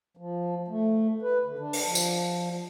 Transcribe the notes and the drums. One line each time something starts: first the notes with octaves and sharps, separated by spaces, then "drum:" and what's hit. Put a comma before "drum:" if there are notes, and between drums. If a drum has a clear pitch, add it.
F3
A3
B4
D3
D4
drum: open hi-hat
F3
drum: tambourine